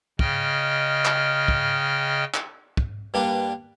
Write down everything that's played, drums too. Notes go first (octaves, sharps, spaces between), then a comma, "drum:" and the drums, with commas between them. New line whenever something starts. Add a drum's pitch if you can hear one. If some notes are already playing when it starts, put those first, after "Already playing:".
C#3 D#5 G5 F6, drum: kick
drum: clap
drum: kick
drum: clap
drum: kick
G2 G3 A#3 D4 B4 D6